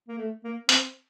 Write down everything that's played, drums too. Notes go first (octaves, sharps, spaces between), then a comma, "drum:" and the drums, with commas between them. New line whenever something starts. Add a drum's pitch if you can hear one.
A#3
A3
A#3
C4, drum: hi-hat